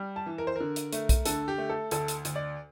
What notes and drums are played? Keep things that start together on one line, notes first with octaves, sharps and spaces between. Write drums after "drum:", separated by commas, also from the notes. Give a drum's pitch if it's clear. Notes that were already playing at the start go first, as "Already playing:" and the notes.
Already playing: G3
A5
E3
A#4
C5
D3 A#4
drum: hi-hat
A3, drum: hi-hat
drum: kick B1, hi-hat
D3 A4, drum: hi-hat
G4
A3
A4
D2 A4, drum: hi-hat
drum: hi-hat
D2, drum: hi-hat
D5